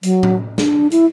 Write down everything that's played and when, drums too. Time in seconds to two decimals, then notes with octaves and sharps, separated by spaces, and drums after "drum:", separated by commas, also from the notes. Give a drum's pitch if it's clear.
0.03 F#3, drum: hi-hat
0.23 drum: tom A2
0.58 D4, drum: snare
0.91 E4, drum: hi-hat